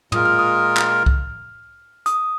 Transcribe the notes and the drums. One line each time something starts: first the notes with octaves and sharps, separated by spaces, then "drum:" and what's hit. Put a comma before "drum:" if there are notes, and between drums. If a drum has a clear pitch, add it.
A#2 G#3 F4 A#4 D#6, drum: tom
F6
D#6
F6, drum: clap
drum: kick C2
D#6, drum: hi-hat